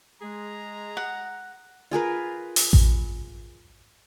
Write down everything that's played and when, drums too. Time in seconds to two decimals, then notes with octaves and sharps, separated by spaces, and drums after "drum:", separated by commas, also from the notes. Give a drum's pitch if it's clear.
0.21 G#3 G#4 A#5
0.97 F#5
1.91 F4 G#4 A#4 B4
2.56 drum: open hi-hat
2.73 drum: kick A1